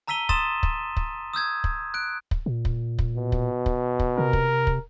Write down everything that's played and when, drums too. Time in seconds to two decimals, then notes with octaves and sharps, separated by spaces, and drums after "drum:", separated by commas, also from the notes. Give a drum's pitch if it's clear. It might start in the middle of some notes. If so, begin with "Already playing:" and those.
0.08 A5 A#5 E6 B6 D#7 G7
0.29 C6 D#6 A6 E7, drum: kick
0.63 drum: kick
0.97 drum: kick
1.34 D#6 E6 G6 G#6
1.64 drum: kick
1.94 F#6 D7
2.31 drum: kick
2.46 A#2
2.65 drum: kick
2.99 drum: kick
3.17 B2
3.32 drum: kick
3.66 drum: kick
4.00 drum: kick
4.18 C3 A#4
4.33 drum: kick
4.67 drum: kick